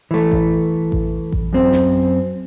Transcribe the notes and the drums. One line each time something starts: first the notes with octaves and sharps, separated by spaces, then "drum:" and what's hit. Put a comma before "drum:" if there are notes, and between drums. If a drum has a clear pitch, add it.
E3 A3
drum: kick A1
drum: kick A1
drum: kick A1
F#2 C4
drum: snare